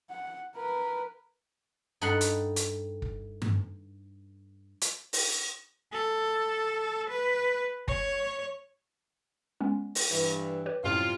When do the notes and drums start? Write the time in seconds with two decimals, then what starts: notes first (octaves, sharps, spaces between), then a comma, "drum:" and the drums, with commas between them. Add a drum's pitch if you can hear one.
0.11 F#5
0.56 A#4 B4
2.01 G2 D#4 A4 F#5 B5 C6
2.21 drum: hi-hat
2.56 drum: hi-hat
3.02 drum: kick
3.42 drum: tom G2
4.82 drum: hi-hat
5.13 drum: open hi-hat
5.93 A4
7.10 B4
7.88 C#5, drum: kick
9.61 G#3 B3 C#4
9.95 drum: open hi-hat
10.11 G2 E3 B4
10.66 G4 B4 C#5
10.84 F#2 A2 C3 G3 F4